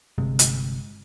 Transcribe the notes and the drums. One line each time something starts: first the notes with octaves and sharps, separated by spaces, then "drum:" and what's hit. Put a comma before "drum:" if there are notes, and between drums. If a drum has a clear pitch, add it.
G1 C3 G#3
drum: hi-hat